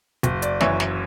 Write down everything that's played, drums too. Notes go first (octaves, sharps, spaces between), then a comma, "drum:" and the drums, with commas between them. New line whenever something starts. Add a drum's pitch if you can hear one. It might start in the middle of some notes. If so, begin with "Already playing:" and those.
F#1, drum: hi-hat
D5, drum: hi-hat
F#2 E3 C#5 E5, drum: snare
drum: snare